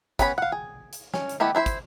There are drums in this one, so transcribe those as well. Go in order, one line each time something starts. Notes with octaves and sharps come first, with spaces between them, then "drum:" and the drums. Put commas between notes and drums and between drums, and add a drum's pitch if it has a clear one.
B3 C#4 G#4 C#5 B5, drum: kick, hi-hat
F5 F#5
G#4
drum: hi-hat
C#4, drum: snare
drum: hi-hat
A3 B3 E4 G4 D#5
D4 E4 C5 E5
drum: kick, hi-hat